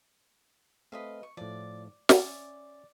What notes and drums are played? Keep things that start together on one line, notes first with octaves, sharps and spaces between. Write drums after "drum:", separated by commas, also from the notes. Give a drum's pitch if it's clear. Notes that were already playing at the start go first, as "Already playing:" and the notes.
A3 C4 B4 D#5 F5
C#6
A2 F3 D5
C#4 D5 E5 G#5, drum: snare